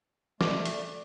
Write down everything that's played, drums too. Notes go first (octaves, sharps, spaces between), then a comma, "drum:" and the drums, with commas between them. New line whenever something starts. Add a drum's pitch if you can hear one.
A3 D5 D6, drum: snare
drum: hi-hat